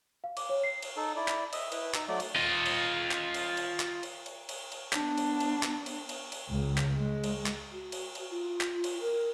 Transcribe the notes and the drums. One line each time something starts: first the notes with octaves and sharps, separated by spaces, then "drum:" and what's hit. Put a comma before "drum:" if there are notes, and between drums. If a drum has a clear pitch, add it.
F5
D6, drum: cymbal
C#5
C7
drum: cymbal
D#4 A4
E4 D5
drum: clap
D#5 E5, drum: cymbal
E4 B4, drum: cymbal
D#4 E6, drum: clap
F#3 A3 D5
drum: cymbal
F4 D#5
drum: cymbal
drum: clap
drum: cymbal
drum: cymbal
drum: clap
drum: cymbal
drum: cymbal
drum: cymbal
drum: cymbal
B3 D4, drum: clap
drum: cymbal
drum: cymbal
drum: clap
drum: cymbal
drum: cymbal
drum: cymbal
C#2
drum: clap
G#3
drum: cymbal
drum: clap
F#4
drum: cymbal
drum: cymbal
F4
drum: clap
drum: cymbal
A#4